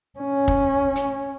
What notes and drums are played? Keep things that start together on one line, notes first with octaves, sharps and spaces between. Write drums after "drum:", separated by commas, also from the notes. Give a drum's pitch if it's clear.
C#4
drum: kick
drum: hi-hat